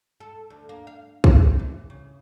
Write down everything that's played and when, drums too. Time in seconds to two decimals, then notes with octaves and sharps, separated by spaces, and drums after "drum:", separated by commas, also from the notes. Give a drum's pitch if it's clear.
0.20 A4
0.50 D2
0.69 A#3
0.87 F5
1.24 D#4, drum: kick
1.59 E3
1.90 C#3